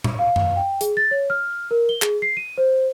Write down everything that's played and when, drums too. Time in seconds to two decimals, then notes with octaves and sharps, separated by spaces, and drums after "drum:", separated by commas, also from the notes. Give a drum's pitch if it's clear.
0.04 drum: tom A#2
0.19 F5
0.36 drum: tom F#2
0.56 G5
0.81 G#4, drum: hi-hat
0.97 A6
1.11 C#5
1.30 F6
1.71 A#4
1.89 G7
2.02 G#4, drum: clap
2.22 C7
2.37 D#7
2.58 C5